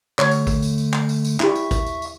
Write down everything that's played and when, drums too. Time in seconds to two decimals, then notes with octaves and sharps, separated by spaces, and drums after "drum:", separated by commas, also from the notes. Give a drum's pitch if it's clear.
0.19 D3 A3 C#5, drum: clap
0.31 drum: tambourine
0.47 drum: kick, tambourine
0.62 drum: tambourine
0.78 drum: tambourine
0.93 drum: clap
1.09 drum: tambourine
1.24 drum: tambourine
1.40 E4 G4 E5 C#6, drum: clap
1.55 drum: tambourine
1.71 drum: kick, tambourine
1.86 drum: tambourine
2.02 drum: tambourine